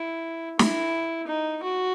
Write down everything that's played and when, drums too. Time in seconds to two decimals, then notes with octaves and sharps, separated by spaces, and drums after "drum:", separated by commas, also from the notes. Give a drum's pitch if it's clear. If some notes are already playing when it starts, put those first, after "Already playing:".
Already playing: E4
0.59 E4, drum: snare
1.27 D#4
1.63 F#4